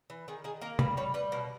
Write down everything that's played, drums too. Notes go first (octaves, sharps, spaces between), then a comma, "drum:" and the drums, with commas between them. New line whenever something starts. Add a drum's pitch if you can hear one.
E3
D#3 G#4
D#3 G#4
A#3 A#4
G3 B4, drum: tom C3
G3 C#5
G3 B4
B2 A#4